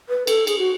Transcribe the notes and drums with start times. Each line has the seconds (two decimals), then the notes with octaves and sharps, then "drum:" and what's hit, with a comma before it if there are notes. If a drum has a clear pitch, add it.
0.09 B4
0.27 A4, drum: cymbal
0.47 G#4, drum: cymbal
0.59 F#4